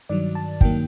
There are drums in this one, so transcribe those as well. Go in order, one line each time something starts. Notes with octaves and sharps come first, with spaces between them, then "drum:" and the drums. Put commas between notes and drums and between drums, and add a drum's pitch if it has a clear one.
G2 D#3 F#3 D5
A5
G2 D#3 F#3 A#3 G5, drum: kick